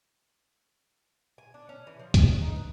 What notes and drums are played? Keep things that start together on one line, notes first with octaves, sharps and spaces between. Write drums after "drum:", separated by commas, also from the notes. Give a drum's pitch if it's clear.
G#5
D4
C#4
E3
F3
B3, drum: kick C#2, hi-hat
G#4
D#4
B4